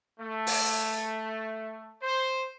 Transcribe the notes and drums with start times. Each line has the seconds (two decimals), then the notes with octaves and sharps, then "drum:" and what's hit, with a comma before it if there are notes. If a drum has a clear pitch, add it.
0.19 A3
0.47 drum: open hi-hat
2.03 C5